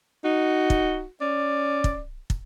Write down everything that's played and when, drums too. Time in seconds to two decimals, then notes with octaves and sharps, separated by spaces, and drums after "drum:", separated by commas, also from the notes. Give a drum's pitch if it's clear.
0.24 D#4 F#4
0.70 drum: kick
1.21 C#4 D5
1.84 drum: kick
2.30 drum: kick